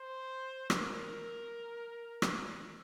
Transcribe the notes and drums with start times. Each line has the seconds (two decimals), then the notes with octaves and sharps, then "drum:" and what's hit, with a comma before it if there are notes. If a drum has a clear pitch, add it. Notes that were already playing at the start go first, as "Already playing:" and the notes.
Already playing: C5
0.70 A#4, drum: rim click
2.22 drum: rim click